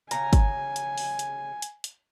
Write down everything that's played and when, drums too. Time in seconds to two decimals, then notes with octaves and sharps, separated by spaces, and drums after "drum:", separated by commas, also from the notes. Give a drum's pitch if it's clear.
0.11 C#3 G#5 A#5, drum: hi-hat
0.33 drum: kick, hi-hat
0.76 drum: hi-hat
0.98 drum: open hi-hat
1.19 drum: hi-hat
1.62 drum: hi-hat
1.84 drum: hi-hat